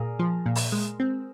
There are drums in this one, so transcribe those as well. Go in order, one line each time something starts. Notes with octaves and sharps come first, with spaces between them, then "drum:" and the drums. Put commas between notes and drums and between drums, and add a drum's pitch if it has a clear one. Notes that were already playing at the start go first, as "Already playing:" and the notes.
Already playing: A#2 G#4 A#4
F3
A#2
drum: open hi-hat
G#3
C4